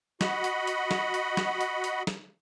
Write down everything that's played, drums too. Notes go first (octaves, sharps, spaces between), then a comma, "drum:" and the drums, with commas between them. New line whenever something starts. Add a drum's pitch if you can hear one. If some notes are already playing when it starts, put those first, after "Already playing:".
F#4 D#5 F#5 B5, drum: snare
drum: hi-hat
drum: hi-hat
drum: snare
drum: hi-hat
drum: snare
drum: hi-hat
drum: hi-hat
drum: snare